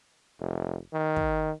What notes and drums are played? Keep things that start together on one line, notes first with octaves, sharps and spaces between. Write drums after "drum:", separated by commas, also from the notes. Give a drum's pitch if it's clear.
F1
D#3
drum: kick